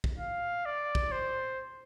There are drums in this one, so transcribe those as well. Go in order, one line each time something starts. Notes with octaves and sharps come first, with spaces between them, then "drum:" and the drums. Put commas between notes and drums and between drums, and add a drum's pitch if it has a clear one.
drum: kick
F5
D5
drum: kick
C5